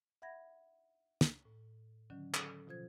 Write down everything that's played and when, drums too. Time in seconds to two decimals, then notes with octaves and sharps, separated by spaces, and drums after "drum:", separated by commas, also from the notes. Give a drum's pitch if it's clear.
0.22 E5 F#5 B5 G#6 A#6
1.21 drum: snare
1.45 A2
2.10 D3 D#3 F#3 C#4
2.34 A4, drum: clap
2.67 B2 F3 F4 C5 G#6